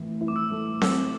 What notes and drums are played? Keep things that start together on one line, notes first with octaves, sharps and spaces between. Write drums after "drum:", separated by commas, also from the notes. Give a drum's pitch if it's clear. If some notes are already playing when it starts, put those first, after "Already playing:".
Already playing: A2 E3 E4
E4
D6
E6
A3
A3 E6, drum: snare C4